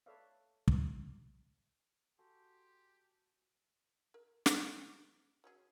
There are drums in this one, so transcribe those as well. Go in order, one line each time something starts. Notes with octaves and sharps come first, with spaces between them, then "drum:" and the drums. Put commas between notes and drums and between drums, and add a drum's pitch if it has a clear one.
A4 B4 C#5 D5 E5 F5
drum: kick
F#4 G4 A4 G#5 C6
A#4
E5 G5, drum: snare
F#3 C#4 G#4